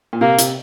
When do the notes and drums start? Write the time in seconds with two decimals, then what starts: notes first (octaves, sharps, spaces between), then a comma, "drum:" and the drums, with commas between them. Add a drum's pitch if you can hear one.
0.13 A#2
0.21 C3 A#3
0.39 C3, drum: hi-hat